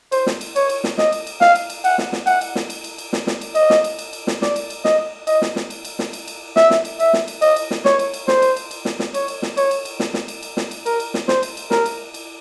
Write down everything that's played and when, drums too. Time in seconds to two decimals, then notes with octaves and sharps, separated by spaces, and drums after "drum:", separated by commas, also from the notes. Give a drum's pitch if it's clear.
0.12 C5, drum: cymbal
0.27 drum: snare
0.41 drum: cymbal
0.56 C#5, drum: cymbal
0.69 drum: cymbal
0.84 drum: snare
0.98 D#5, drum: snare
1.12 drum: cymbal
1.27 drum: cymbal
1.41 F5, drum: snare
1.55 drum: cymbal
1.70 drum: cymbal
1.84 F#5, drum: cymbal
1.98 drum: snare
2.13 drum: snare
2.27 F#5, drum: cymbal
2.41 drum: cymbal
2.55 drum: snare
2.70 drum: cymbal
2.84 drum: cymbal
2.98 drum: cymbal
3.13 drum: snare
3.27 drum: snare
3.41 drum: cymbal
3.55 D#5, drum: cymbal
3.70 drum: snare
3.84 drum: cymbal
3.99 drum: cymbal
4.13 drum: cymbal
4.27 drum: snare
4.42 D5, drum: snare
4.56 drum: cymbal
4.70 drum: cymbal
4.85 D#5, drum: snare
5.27 D#5, drum: cymbal
5.42 drum: snare
5.56 drum: snare
5.70 drum: cymbal
5.85 drum: cymbal
5.99 drum: snare
6.13 drum: cymbal
6.28 drum: cymbal
6.56 E5, drum: snare
6.70 drum: snare
6.85 drum: cymbal
7.00 E5, drum: cymbal
7.13 drum: snare
7.28 drum: cymbal
7.42 D#5, drum: cymbal
7.56 drum: cymbal
7.71 drum: snare
7.85 C#5, drum: snare
7.99 drum: cymbal
8.14 drum: cymbal
8.28 C5, drum: snare
8.42 drum: cymbal
8.56 drum: cymbal
8.71 drum: cymbal
8.85 drum: snare
8.99 drum: snare
9.14 C#5, drum: cymbal
9.28 drum: cymbal
9.42 drum: snare
9.57 C#5, drum: cymbal
9.71 drum: cymbal
9.85 drum: cymbal
10.00 drum: snare
10.14 drum: snare
10.28 drum: cymbal
10.43 drum: cymbal
10.57 drum: snare
10.71 drum: cymbal
10.86 A#4, drum: cymbal
11.00 drum: cymbal
11.14 drum: snare
11.28 C5, drum: snare
11.43 drum: cymbal
11.57 drum: cymbal
11.71 A#4, drum: snare
11.86 drum: cymbal
12.14 drum: cymbal